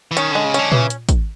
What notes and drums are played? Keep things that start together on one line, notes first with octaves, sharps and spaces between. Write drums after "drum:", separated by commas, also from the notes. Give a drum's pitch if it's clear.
E3
D#3 C#4, drum: hi-hat
D3 G#3
C#3
D3 C#4, drum: hi-hat
C#3 E3, drum: tom A#2
drum: hi-hat
drum: kick, hi-hat